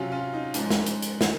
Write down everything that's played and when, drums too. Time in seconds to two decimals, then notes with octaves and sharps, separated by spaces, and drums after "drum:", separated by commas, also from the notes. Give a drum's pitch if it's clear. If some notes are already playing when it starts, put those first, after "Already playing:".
Already playing: C3 F#3 C#4 F4
0.12 C#4 F4
0.33 D#4
0.54 G#2 F3 G#3 C#4, drum: hi-hat
0.70 drum: snare
0.86 drum: hi-hat
1.02 drum: hi-hat
1.21 D#3 G#3, drum: snare